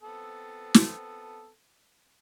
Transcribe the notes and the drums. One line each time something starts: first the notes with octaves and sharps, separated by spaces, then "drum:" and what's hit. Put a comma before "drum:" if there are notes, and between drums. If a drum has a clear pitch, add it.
B3 C4 A4
drum: snare